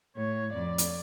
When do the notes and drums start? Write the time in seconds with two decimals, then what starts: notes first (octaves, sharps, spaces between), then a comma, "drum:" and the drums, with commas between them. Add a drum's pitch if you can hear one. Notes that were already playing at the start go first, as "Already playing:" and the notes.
0.16 A2 C#5
0.53 F2 D5
0.78 drum: hi-hat